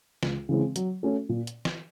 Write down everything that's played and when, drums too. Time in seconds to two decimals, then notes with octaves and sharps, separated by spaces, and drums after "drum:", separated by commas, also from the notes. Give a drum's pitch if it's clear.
0.23 C#2, drum: snare
0.49 C#3 E3 G#3 C4
0.76 F#3, drum: hi-hat
1.03 A3 C#4 F#4 A4
1.29 A#2
1.47 drum: hi-hat
1.65 drum: snare